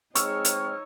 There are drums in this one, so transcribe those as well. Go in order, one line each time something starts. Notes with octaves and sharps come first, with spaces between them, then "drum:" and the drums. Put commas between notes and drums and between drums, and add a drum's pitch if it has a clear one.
G#3 C4 D#4 C#5 C#6 E6 F6, drum: hi-hat
drum: hi-hat